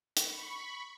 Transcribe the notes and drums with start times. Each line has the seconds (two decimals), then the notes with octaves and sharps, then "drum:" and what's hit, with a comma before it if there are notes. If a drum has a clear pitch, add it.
0.17 B5 C#6, drum: hi-hat